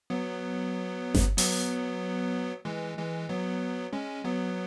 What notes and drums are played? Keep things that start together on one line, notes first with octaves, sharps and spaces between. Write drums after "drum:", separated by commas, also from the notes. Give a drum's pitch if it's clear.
F#3 B3
drum: snare G1
F#3 B3, drum: open hi-hat
E3 G#3
E3 G#3
F#3 B3
G#3 C#4
F#3 B3